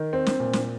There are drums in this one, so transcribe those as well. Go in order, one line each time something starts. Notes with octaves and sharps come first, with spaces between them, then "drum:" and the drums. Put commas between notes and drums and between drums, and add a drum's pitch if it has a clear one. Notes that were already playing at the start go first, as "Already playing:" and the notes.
Already playing: D#3
C4
drum: snare
A#2
drum: snare